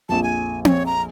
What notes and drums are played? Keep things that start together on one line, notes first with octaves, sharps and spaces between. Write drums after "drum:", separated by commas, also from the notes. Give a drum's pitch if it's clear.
A#1 F2 A5
G#5
C#5, drum: tom C4
A#5